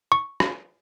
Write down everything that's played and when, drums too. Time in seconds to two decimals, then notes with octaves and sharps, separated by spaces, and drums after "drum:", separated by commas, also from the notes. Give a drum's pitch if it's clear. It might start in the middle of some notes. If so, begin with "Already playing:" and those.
0.12 C#6
0.40 drum: rim click